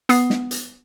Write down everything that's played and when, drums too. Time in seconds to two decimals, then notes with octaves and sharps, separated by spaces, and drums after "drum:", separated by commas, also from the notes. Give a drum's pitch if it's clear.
0.09 B3 D#6 C7, drum: hi-hat
0.30 drum: snare
0.51 drum: hi-hat